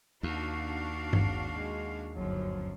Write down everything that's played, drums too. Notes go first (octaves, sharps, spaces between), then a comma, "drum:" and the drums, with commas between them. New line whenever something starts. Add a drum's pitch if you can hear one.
D#2 D4 F#4 F5
G#1, drum: tom G2
G#3
G1 F#2 F3 F#3